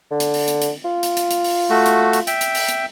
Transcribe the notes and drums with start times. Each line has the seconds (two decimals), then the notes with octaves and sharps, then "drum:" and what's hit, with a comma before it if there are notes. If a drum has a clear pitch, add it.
0.11 D3
0.20 drum: hi-hat
0.34 drum: open hi-hat
0.48 drum: hi-hat
0.62 drum: hi-hat
0.84 F4
1.03 drum: hi-hat
1.17 drum: hi-hat
1.31 drum: hi-hat
1.44 drum: open hi-hat
1.70 A3 F#4
1.86 drum: hi-hat
2.13 drum: hi-hat
2.27 E5 G5, drum: hi-hat
2.41 drum: hi-hat
2.55 drum: open hi-hat
2.69 drum: hi-hat